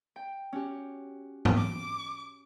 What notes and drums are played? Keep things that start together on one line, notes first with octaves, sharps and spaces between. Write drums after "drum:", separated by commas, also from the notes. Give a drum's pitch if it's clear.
G5
C#4 F#4 G4
drum: tom G#2
D6